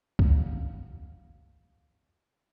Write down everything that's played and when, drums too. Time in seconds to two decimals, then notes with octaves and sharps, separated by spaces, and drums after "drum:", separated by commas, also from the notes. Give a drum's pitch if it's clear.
0.19 F5 F#5, drum: kick C#2